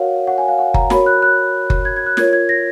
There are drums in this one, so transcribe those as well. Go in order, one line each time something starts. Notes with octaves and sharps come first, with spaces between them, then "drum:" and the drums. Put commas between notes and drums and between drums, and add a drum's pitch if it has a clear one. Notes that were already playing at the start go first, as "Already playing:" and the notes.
Already playing: F#4 A#4 C#5 F5 F#5
F#5
G#5
F5
F#5
A#5, drum: kick F#1
F#4 A#4 C#5 B5, drum: snare
F#6
F#6
drum: kick F#1
G#6
G#6
F#6
F4 A#4 C#5 G#6, drum: snare
G#6
A#6